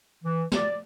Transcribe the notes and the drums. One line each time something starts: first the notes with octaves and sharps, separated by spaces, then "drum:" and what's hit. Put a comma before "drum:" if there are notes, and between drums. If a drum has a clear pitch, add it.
E3
D5, drum: snare